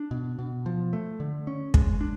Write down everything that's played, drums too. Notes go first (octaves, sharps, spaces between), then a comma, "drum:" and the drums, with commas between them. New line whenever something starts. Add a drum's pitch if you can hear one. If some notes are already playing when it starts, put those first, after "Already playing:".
Already playing: D4
B2
B2
F3
A3
D3
C#4
G#3, drum: kick
D4